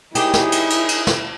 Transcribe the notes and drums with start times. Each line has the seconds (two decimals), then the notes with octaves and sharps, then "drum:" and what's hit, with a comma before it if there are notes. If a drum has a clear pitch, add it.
0.15 D#4 E4 G4 G#4, drum: cymbal
0.34 drum: snare
0.52 drum: cymbal
0.70 drum: cymbal
0.89 drum: cymbal
1.07 drum: snare